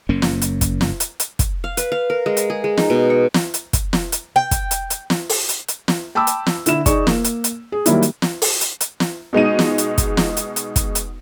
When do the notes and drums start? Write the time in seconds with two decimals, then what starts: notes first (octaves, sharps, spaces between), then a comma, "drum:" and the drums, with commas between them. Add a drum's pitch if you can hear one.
0.09 F#1 F#2 A#3 C#4
0.22 drum: snare
0.42 drum: hi-hat
0.61 drum: kick, hi-hat
0.81 drum: snare
1.00 drum: hi-hat
1.20 drum: hi-hat
1.39 drum: kick, hi-hat
1.64 F5
1.77 B4, drum: hi-hat
1.92 F5
2.10 A#4
2.26 G#3
2.37 drum: hi-hat
2.50 G#4
2.64 G#3
2.77 D#4, drum: snare
2.90 B2
3.10 C#6
3.34 drum: snare
3.54 drum: hi-hat
3.73 drum: kick, hi-hat
3.93 drum: snare
4.12 drum: hi-hat
4.36 G5
4.51 drum: kick, hi-hat
4.71 drum: hi-hat
4.90 drum: hi-hat
5.10 drum: snare
5.29 drum: open hi-hat
5.49 drum: hi-hat
5.68 drum: hi-hat
5.88 drum: snare
6.15 G5 A5 B5 D6 E6
6.27 drum: hi-hat
6.46 drum: snare
6.66 D3 E4 E7, drum: hi-hat
6.86 D#4 G#4 D5 C#6, drum: kick, hi-hat
7.07 A#3, drum: snare
7.25 drum: hi-hat
7.44 drum: hi-hat
7.72 G#4
7.86 D#3 F#3 G3 A#3 E4, drum: hi-hat
8.03 drum: hi-hat
8.22 drum: snare
8.42 drum: open hi-hat
8.61 drum: hi-hat
8.81 drum: hi-hat
9.00 drum: snare
9.33 B2 G#3 D#4 D#7
9.59 drum: snare
9.78 drum: hi-hat
9.98 drum: kick, hi-hat
10.17 drum: snare
10.37 drum: hi-hat
10.56 drum: hi-hat
10.76 drum: kick, hi-hat
10.95 drum: hi-hat